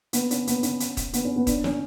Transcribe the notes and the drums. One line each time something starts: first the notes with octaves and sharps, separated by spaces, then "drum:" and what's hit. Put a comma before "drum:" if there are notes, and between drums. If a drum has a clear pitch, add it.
B3, drum: hi-hat
C#4, drum: hi-hat
B3, drum: hi-hat
C#4, drum: hi-hat
drum: hi-hat
drum: kick D#1, hi-hat
B3, drum: hi-hat
C#4
B3
D4, drum: kick D#1, hi-hat
C#4, drum: snare